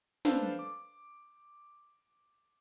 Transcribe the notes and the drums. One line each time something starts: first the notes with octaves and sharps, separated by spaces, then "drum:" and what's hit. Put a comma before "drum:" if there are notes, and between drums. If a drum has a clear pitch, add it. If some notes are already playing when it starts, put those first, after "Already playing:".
D4 A4 B4 C5 F5 A5, drum: snare
D6